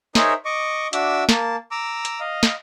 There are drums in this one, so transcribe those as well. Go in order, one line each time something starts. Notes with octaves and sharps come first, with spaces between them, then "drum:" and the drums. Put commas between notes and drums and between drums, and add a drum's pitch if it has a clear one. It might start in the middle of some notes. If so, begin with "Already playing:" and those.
D#4 G#4 A#4 C5 C#5 E5, drum: snare
D#5 C#6 D6
D4 F#4 E5 D6 E6, drum: hi-hat
A#3 A5, drum: snare
A#5 D6 E6
drum: hi-hat
D#5 F5
drum: snare